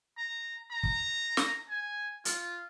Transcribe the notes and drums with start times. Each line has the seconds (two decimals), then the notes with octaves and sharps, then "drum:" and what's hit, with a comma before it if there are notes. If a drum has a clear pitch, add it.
0.17 A#5
0.71 A#5
0.84 drum: kick
1.37 drum: snare
1.69 G#5
2.25 F4, drum: hi-hat